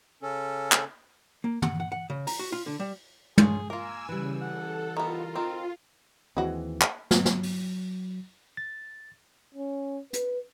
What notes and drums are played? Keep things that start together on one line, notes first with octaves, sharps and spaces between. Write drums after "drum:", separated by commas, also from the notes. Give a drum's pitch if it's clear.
C#3 C#4 A4
drum: clap
A#3
F#5, drum: tom
F#5
F#5
C#3
A#5, drum: open hi-hat
F#4
F4
D3
G3
C#4 F4 G#4, drum: tom
A#3 F4 A#4 G#5 E6
C#3 E3 G3 B4
A4 F#5
D#3 B3 F4 A#4
D#3 C4
D#2 E3 G#3 C4 F#4
drum: clap
F#3, drum: snare
drum: snare
drum: open hi-hat
A6
C#4
B4, drum: hi-hat